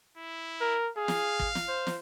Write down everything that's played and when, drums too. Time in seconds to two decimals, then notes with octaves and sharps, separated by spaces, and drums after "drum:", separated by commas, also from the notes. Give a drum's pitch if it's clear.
0.17 E4
0.61 A#4
0.97 G#4 F5
1.08 drum: snare
1.40 drum: kick
1.55 drum: snare
1.69 C5
1.87 drum: snare